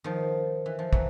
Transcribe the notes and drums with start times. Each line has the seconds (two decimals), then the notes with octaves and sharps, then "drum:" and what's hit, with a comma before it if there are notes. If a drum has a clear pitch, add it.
0.04 D#3 F3
0.66 E3
0.79 F3
0.93 E3 F#3, drum: kick